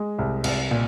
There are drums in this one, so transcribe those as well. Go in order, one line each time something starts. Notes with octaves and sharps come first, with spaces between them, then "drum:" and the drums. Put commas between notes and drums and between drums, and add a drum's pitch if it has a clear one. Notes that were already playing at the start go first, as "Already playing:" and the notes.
Already playing: G#3
C2
C2, drum: cymbal
A#2